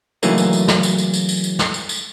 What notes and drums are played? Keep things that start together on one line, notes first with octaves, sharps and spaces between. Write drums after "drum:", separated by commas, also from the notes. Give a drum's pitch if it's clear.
C#3 E3 F#3 A3 A#3 D#4, drum: tambourine
drum: tambourine
drum: tambourine
drum: snare
drum: tambourine
drum: tambourine
drum: tambourine
drum: tambourine
drum: tambourine
drum: snare
drum: tambourine
drum: tambourine